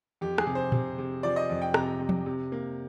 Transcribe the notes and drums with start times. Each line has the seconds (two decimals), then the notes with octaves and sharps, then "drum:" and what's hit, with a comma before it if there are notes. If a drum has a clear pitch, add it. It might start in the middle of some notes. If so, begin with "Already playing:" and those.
0.21 F2 G4
0.38 G#4, drum: rim click
0.47 C3
0.55 C5
0.72 C3, drum: tom A#2
0.98 C3
1.23 F3 D5
1.36 D#5
1.50 F2
1.62 G5
1.74 C3 A#5, drum: rim click
2.00 C3
2.09 drum: tom
2.26 C3
2.52 A#3